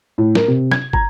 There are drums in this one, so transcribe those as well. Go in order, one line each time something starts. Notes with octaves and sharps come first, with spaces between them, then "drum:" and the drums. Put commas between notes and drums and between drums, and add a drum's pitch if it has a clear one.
A2
A#4, drum: snare
C3
G#6, drum: snare
A#5, drum: kick